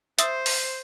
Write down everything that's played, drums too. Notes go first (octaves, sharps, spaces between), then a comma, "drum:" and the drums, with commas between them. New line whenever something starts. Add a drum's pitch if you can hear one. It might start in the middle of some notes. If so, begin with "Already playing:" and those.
C5 E5 D#6 E6, drum: hi-hat
drum: open hi-hat